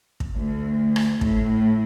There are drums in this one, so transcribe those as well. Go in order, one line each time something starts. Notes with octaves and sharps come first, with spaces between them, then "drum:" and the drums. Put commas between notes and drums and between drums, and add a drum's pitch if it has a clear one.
drum: kick
D2
drum: rim click
A2, drum: kick